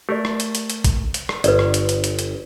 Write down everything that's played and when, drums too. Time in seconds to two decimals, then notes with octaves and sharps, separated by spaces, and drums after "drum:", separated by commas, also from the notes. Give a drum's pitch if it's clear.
0.09 A3 G4 A#4 D5
0.25 drum: rim click
0.40 drum: hi-hat
0.55 drum: hi-hat
0.70 drum: hi-hat
0.84 drum: kick A1, hi-hat
1.14 drum: hi-hat
1.29 drum: rim click
1.44 G1 B4 D5, drum: hi-hat
1.59 drum: rim click
1.74 drum: hi-hat
1.89 drum: hi-hat
2.04 drum: hi-hat
2.19 drum: hi-hat